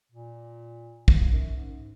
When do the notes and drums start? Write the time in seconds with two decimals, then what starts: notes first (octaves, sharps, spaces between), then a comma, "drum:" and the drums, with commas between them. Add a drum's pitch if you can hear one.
0.12 A#2
1.08 G#2, drum: kick
1.32 F#2
1.56 G#2